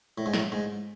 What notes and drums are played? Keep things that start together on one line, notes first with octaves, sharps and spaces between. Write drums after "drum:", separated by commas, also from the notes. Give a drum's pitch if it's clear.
A2
G#2
A2, drum: snare
G#2